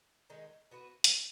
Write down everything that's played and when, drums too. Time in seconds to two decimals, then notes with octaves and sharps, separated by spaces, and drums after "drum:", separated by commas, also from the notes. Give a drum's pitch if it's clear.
0.30 D#3 G#3 D#4
0.71 B3 F#4 B4
1.04 drum: hi-hat